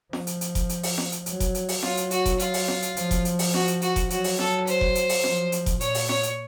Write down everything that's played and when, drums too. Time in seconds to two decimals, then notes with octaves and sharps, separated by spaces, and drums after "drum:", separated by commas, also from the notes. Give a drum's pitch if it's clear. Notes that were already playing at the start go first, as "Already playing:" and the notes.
0.13 F3, drum: snare
0.27 drum: hi-hat
0.41 drum: hi-hat
0.55 drum: kick F1, hi-hat
0.69 drum: hi-hat
0.84 drum: open hi-hat
0.98 drum: snare
1.12 drum: hi-hat
1.26 F#3, drum: hi-hat
1.40 drum: kick F1, hi-hat
1.55 drum: hi-hat
1.69 drum: open hi-hat
1.83 F#3 F4, drum: snare
1.97 drum: hi-hat
2.11 F#4, drum: hi-hat
2.26 drum: kick F1, hi-hat
2.39 F4, drum: hi-hat
2.54 drum: open hi-hat
2.68 drum: snare
2.82 drum: hi-hat
2.96 F3, drum: hi-hat
3.11 drum: kick F1, hi-hat
3.25 drum: hi-hat
3.39 drum: open hi-hat
3.54 F#4, drum: snare
3.68 drum: hi-hat
3.82 F#4, drum: hi-hat
3.96 drum: kick F1, hi-hat
4.10 F#3 F#4, drum: hi-hat
4.24 drum: open hi-hat
4.39 A4, drum: snare
4.67 C5, drum: hi-hat
4.81 drum: kick F1
4.95 drum: hi-hat
5.09 drum: open hi-hat
5.24 F3, drum: snare
5.52 drum: hi-hat
5.66 drum: kick F1, hi-hat
5.81 A#2 C#5, drum: hi-hat
5.95 drum: open hi-hat
6.09 C#5, drum: snare
6.23 drum: hi-hat